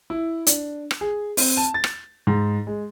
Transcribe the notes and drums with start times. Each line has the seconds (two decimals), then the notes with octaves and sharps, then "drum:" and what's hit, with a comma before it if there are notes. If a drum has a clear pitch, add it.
0.10 E4
0.47 D4, drum: hi-hat
0.91 drum: rim click
1.01 G#4
1.37 C4, drum: open hi-hat
1.57 A5
1.74 A6
1.84 drum: rim click
2.27 G#2
2.67 G#3